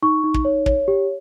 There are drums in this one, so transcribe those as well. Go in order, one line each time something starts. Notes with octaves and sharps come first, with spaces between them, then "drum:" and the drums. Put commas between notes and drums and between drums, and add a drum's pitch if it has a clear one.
D#4 C#6
D#4
drum: kick
C#5
C#5, drum: kick
G4